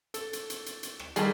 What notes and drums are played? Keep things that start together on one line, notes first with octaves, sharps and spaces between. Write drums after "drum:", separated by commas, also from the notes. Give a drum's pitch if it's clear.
A4, drum: hi-hat
drum: hi-hat
drum: hi-hat
drum: hi-hat
drum: hi-hat
drum: rim click
D#3 G3 G#3 G#4 A4, drum: hi-hat